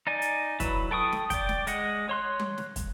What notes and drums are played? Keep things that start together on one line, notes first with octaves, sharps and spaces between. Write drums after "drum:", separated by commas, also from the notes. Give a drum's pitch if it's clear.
D#4 D5 G#5
drum: hi-hat
F#3 E4 B4, drum: kick, hi-hat
A4 G5 C#6 D#6
drum: snare
D5 G5, drum: kick, hi-hat
drum: snare
G#3 D#5 F#5, drum: hi-hat
C#5 C6 F#6
drum: tom G3
drum: snare
drum: kick, hi-hat